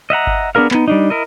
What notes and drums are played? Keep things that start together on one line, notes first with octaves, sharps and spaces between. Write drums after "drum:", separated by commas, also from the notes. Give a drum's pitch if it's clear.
D#5 E5 F#5 A#5
drum: kick G1
B3 D4 G#4 A#4 F5
B3 D#4, drum: clap
G3 D4 D#4
E4 A#4 D#5